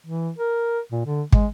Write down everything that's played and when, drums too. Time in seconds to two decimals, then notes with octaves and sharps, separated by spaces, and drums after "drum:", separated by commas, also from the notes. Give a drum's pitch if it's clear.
0.06 E3
0.38 A#4
0.92 A#2
1.06 D3
1.32 G#3, drum: kick